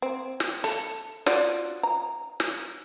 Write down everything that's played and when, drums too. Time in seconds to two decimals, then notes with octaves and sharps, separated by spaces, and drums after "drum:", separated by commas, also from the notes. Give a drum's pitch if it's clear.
0.02 C4
0.40 drum: snare
0.64 A4, drum: hi-hat
1.26 F4 F#4 D5, drum: snare
1.83 A#5
2.40 drum: snare